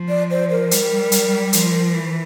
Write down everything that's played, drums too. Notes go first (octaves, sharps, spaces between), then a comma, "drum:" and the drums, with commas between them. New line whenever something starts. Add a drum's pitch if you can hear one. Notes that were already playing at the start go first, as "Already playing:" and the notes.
Already playing: F3
D5
C5
A#4
G3, drum: hi-hat
drum: hi-hat
F3, drum: hi-hat
E3